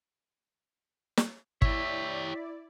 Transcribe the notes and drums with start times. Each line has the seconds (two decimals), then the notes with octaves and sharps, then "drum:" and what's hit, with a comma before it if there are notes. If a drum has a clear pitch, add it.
1.17 drum: snare
1.62 E4 G4 C#5 D5 E5, drum: kick